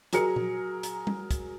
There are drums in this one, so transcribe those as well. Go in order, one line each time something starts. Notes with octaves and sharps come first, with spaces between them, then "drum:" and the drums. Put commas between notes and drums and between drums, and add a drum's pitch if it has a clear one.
F#3 G#4 A#4 C#7, drum: hi-hat
drum: tom A#2
drum: hi-hat
drum: tom G3
drum: kick, hi-hat